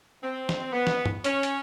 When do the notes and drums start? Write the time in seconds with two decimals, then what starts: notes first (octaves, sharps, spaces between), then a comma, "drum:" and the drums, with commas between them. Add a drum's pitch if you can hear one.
0.23 C4
0.49 drum: snare
0.73 B3
0.87 drum: snare
1.06 drum: tom
1.24 C#4, drum: hi-hat
1.43 drum: hi-hat